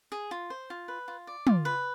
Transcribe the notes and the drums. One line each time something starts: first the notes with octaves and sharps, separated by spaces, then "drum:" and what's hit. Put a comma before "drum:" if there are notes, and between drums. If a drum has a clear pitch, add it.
G#4
F4
C5
F4
B4
F4
D5
F4, drum: tom
B4